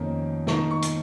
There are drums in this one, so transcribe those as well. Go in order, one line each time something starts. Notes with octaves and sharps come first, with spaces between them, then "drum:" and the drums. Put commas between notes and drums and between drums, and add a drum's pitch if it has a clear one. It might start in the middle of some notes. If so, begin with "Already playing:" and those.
Already playing: F2 D#3 A#3 C#4
D#3 A#3 D#4 C#6, drum: snare
C#6
drum: hi-hat